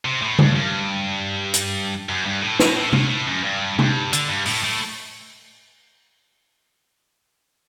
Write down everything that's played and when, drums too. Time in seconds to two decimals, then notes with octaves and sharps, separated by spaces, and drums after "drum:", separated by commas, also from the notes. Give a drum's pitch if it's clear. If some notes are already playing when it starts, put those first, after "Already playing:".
0.05 C3
0.22 A2
0.39 G2, drum: tom C#3
0.56 G2
1.54 drum: hi-hat
2.09 F#2
2.26 G2
2.42 A2
2.60 B2, drum: snare
2.76 A2
2.93 A2, drum: tom C3
3.10 A2
3.28 F#2
3.44 G2
3.79 G2, drum: tom C3
4.13 D3, drum: hi-hat
4.29 G2
4.45 A2, drum: open hi-hat
4.64 A2